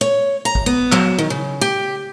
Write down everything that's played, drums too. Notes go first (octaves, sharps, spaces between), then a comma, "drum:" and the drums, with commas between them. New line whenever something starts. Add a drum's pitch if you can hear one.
C#5
A#5
drum: kick
B3
F#3, drum: clap
D#3
C#3
G4